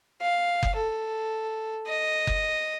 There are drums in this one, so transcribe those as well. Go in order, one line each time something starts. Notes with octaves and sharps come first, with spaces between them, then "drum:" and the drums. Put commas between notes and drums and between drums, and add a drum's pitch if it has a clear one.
F5
drum: kick F#1
A4
D#5
drum: kick F#1